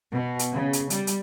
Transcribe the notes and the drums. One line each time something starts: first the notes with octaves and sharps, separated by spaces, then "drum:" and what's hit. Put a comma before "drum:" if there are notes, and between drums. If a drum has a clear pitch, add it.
B2
drum: hi-hat
C#3
drum: hi-hat
G3, drum: hi-hat
drum: hi-hat